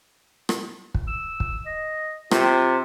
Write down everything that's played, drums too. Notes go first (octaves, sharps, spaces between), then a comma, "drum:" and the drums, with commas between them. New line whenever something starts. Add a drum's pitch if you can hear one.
drum: rim click
drum: kick
E6
drum: kick
D#5
C3 F4, drum: rim click